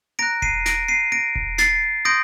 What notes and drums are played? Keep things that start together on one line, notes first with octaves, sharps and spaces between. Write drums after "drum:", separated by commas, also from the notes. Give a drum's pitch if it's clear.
A#5 F#6 A#6 D7
C7 D#7, drum: kick E1
A#6 D7, drum: snare
C7 D#7
A#6 D7
drum: kick E1
A6 C7, drum: snare
C6 D#6 G6 A#6 D7